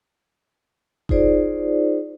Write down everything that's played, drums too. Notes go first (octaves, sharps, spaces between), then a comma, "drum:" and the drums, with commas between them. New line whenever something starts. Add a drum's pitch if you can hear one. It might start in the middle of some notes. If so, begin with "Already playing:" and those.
D#4 F4 G#4 C5 D5, drum: kick F1